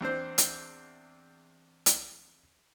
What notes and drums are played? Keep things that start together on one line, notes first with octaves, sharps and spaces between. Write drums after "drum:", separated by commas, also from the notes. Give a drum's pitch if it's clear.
E2 C4 D4 C5
drum: hi-hat
drum: hi-hat